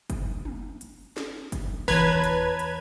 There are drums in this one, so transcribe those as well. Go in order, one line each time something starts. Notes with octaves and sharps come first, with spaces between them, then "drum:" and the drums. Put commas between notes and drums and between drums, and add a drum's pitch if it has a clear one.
drum: kick, hi-hat
drum: tom
drum: hi-hat
drum: snare
drum: kick, hi-hat
E2 B4 C#5 A5 A#5 C6 G#6, drum: kick, open hi-hat
drum: hi-hat
drum: hi-hat